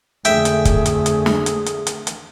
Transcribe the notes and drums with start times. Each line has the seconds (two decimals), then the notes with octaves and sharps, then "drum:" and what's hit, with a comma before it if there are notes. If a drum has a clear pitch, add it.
0.25 F2 D3 A3 G#4 E5 G5, drum: hi-hat
0.45 drum: hi-hat
0.65 drum: kick, hi-hat
0.86 drum: hi-hat
1.06 drum: hi-hat
1.26 drum: snare
1.46 drum: hi-hat
1.66 drum: hi-hat
1.87 drum: hi-hat
2.07 drum: hi-hat